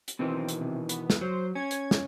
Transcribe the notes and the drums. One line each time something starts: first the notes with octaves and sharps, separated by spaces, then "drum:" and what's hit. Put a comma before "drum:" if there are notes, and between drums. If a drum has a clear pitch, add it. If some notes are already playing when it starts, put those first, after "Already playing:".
drum: hi-hat
B2 D#3 E3 C4
drum: hi-hat
C3
B3, drum: hi-hat
drum: snare
F#3 C5
C#4 G#6
drum: hi-hat
drum: snare